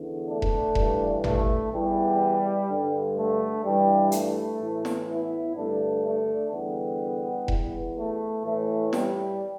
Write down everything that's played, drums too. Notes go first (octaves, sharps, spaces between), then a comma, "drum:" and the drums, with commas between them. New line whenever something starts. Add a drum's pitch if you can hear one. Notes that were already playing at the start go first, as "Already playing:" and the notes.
Already playing: E2 D3
A3 D4
drum: kick E1
G2 E3, drum: kick E1
A3, drum: tom G#1
E2 E3 G3
G2 D3
A3
G2 E3 G3
A3, drum: hi-hat
A2 E3
drum: snare
B3 E4
G2 D3 A3 D4
A3 D4
E2 D3 G3 B3
E2 E3, drum: kick E1
A3
A2 E3 A3
G3, drum: snare